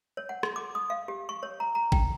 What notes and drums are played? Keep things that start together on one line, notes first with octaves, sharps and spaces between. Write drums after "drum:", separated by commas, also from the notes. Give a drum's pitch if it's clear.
C#5
F#5
C6, drum: rim click
D6
D#6
F5
G4
C#6
C#5
A#5
A#5
G5, drum: kick G#1